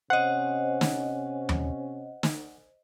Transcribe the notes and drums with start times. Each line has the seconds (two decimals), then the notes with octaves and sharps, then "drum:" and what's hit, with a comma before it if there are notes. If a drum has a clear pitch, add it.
0.10 C3 C#4 C5 D#5 F#5
0.81 drum: snare
1.49 drum: tom D#2
2.23 drum: snare